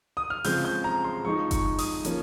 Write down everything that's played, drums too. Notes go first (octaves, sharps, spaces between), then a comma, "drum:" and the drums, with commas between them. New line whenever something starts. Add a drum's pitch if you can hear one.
D#6
F6
C#3 F3 G#3 C4 G6, drum: open hi-hat
G6
A#5
C6
F3 G#3 D#4 C#6
C#6, drum: kick F#1, hi-hat
D#6, drum: open hi-hat
F3 A#3 C#4, drum: hi-hat